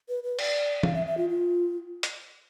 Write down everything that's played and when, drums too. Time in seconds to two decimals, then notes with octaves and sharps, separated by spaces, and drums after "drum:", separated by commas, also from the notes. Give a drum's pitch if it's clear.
0.09 B4
0.24 B4
0.39 D5, drum: cymbal
0.83 F5, drum: tom E3
0.94 E5
1.06 E5
1.17 F4
1.29 F4
2.03 drum: hi-hat